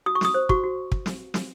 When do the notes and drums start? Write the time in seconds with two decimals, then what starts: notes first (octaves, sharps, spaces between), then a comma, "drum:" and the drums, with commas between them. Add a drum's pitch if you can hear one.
0.06 F#4 D#6
0.15 C#6
0.21 F#4 D#6, drum: snare
0.34 C5
0.49 F#4 C#6, drum: kick
0.64 F#4
0.92 drum: kick
1.06 drum: snare
1.34 drum: snare